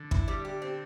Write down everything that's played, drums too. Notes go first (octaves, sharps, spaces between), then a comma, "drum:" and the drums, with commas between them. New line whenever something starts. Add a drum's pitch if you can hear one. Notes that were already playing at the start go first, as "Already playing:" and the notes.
Already playing: D3
E4, drum: kick
G3
G4
C4